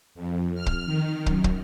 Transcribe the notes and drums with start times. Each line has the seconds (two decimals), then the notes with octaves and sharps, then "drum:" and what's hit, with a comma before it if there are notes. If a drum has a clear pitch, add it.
0.15 F2
0.55 F6
0.66 drum: kick
0.86 D#3
1.26 F#2, drum: kick
1.44 drum: kick